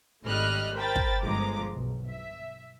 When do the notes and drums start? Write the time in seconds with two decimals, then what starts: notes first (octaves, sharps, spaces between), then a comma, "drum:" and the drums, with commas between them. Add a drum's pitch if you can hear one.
0.23 G#1 G3 A3 D#5 F6 F#6
0.74 A#4 C5 G5 B5 A6
0.96 drum: kick
1.22 G1 F3 G#3 A#5 D6
1.70 B1
2.08 E5